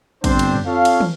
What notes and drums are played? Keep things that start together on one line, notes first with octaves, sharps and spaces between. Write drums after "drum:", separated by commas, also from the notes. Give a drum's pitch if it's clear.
G1 C4 D4 C5, drum: kick A#1, cymbal
drum: cymbal
drum: tom
C4 F4 A4 C#5 F5
drum: cymbal
drum: tom